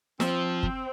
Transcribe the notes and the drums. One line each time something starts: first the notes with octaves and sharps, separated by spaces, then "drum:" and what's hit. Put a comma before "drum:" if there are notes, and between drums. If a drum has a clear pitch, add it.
F3 C4, drum: snare
drum: kick